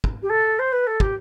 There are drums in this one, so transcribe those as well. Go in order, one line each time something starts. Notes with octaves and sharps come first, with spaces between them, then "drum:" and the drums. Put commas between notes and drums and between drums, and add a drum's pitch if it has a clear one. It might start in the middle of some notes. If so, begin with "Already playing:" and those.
drum: kick
G4
A4
C5
B4
A4
G4, drum: kick